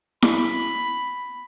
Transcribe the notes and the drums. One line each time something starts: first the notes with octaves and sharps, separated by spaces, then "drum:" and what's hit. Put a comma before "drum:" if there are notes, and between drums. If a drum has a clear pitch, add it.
B5, drum: snare E4